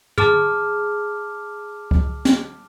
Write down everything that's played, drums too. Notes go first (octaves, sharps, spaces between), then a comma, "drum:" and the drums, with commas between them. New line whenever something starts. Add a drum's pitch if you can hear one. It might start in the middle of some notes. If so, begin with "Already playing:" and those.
G#4 A5 D6 F6, drum: tom
drum: kick C#2
drum: snare